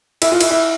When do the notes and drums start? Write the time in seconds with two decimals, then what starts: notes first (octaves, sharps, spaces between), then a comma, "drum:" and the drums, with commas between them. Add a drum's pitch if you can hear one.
0.22 E4, drum: cymbal
0.32 F4
0.41 E4, drum: cymbal
0.51 E4